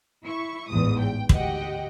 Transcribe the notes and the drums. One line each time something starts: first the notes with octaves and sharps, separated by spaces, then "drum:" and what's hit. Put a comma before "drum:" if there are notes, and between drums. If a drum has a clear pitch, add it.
E4 C#6
A1 E2 G#2 D#6
G5
D2 G#2 G4 D#5 F#5 G5, drum: kick